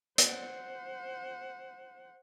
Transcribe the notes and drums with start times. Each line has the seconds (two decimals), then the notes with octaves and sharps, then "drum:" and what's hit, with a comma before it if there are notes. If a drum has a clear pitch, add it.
0.18 C5 F#5, drum: hi-hat